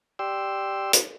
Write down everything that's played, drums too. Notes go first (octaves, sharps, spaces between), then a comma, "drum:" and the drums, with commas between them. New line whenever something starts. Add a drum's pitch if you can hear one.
G4 D5 G5 C6 E6
drum: hi-hat